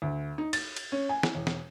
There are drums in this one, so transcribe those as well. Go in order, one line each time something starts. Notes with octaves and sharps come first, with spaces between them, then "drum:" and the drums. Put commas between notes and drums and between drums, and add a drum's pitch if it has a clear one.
D2
D#4
A6, drum: cymbal
drum: cymbal
C#4
G#5
drum: snare
E1
drum: snare